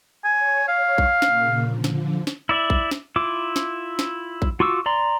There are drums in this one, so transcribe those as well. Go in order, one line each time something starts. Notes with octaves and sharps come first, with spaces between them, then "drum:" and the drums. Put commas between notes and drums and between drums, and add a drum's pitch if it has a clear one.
C#5 G#5
F5
drum: kick A#1
A#2 C#3 A#3, drum: snare
D3 F3
drum: snare
drum: snare
E4 D5 E5
drum: kick A#1
drum: snare
E4 F4 D6
drum: snare
drum: snare
drum: kick A#1
F4 F#4 C#6 D6 E6
D5 A#5 C6